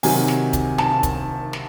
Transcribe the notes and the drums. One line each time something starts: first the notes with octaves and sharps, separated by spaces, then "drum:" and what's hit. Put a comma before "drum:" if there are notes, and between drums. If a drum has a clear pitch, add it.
C3 D#3 F#3 G#5, drum: open hi-hat
drum: snare
drum: kick, hi-hat
A5, drum: snare
drum: kick, hi-hat
drum: snare